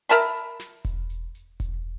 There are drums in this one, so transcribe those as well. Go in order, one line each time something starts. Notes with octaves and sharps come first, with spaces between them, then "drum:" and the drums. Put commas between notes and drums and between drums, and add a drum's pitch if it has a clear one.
A#4 E5 A5 B5, drum: hi-hat
drum: hi-hat
drum: snare
drum: kick E1, hi-hat
drum: hi-hat
drum: hi-hat
drum: kick E1, hi-hat